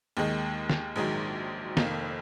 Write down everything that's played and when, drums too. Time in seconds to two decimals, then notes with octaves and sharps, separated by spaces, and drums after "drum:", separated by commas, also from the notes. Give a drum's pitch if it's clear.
0.17 D#2 D#3 G#3
0.70 drum: snare
0.96 A#1 G#2 D#3 F#3 G#4
1.77 F1 F2 D#3 A#3, drum: snare